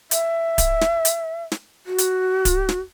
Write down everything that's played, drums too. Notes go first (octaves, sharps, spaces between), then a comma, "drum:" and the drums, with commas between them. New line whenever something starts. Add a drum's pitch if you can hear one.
E5, drum: hi-hat
drum: kick D1, hi-hat
drum: snare
drum: hi-hat
drum: snare
F#4
drum: hi-hat
drum: kick D1, hi-hat
drum: snare